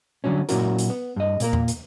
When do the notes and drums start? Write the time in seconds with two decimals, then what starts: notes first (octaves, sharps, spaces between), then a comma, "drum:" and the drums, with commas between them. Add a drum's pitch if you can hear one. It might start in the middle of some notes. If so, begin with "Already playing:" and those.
0.24 D3 D#3 F#3 G3 C#4
0.49 A#2 F#3 C#4 E4 F#4 A#4, drum: hi-hat
0.79 drum: hi-hat
0.90 B3
1.16 G2 D#5
1.40 A#2 A#3 A#4, drum: hi-hat
1.53 drum: tom E2
1.68 drum: hi-hat